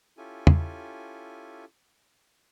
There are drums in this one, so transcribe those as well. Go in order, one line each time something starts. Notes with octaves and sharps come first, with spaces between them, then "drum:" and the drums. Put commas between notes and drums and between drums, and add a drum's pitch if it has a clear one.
C#4 E4 F4 G4 A4 G#5
drum: tom